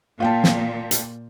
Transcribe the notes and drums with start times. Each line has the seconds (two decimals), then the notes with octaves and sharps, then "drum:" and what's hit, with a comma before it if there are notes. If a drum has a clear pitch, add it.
0.20 A#2 F4 G5 A5
0.44 drum: snare
0.91 drum: hi-hat